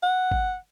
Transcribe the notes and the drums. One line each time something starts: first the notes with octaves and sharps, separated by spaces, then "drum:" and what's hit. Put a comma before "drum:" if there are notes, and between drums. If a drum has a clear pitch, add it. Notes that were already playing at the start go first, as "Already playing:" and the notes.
F#5
drum: kick